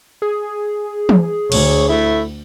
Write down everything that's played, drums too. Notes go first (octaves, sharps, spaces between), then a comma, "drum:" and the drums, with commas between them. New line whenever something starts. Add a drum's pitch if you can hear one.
G#4
drum: tom E3
D2 C#5, drum: cymbal
A3 E4